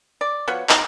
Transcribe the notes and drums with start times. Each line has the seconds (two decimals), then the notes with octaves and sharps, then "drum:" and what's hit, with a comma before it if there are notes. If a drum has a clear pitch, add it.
0.21 D5
0.48 F3 B3 F#4 C#5
0.69 D#4, drum: clap